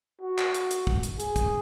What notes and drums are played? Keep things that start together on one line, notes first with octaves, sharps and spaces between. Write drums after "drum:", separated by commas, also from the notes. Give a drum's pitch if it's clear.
F#4
drum: clap
drum: hi-hat
drum: hi-hat
drum: kick
drum: hi-hat
G#4, drum: hi-hat
drum: kick, hi-hat